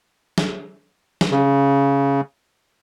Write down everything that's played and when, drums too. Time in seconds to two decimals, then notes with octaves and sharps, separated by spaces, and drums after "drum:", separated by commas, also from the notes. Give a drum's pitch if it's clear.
0.38 drum: snare
1.21 drum: snare
1.31 C#3